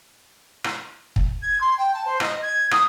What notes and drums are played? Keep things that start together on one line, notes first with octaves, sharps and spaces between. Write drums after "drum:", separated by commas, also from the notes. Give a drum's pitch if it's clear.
drum: rim click
drum: kick
G#6
C6
G5
A5
C5
D#5, drum: rim click
G#6
D#6, drum: rim click